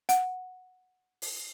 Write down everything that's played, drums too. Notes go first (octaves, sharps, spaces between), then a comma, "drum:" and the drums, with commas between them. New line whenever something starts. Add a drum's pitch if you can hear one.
F#5, drum: hi-hat
drum: open hi-hat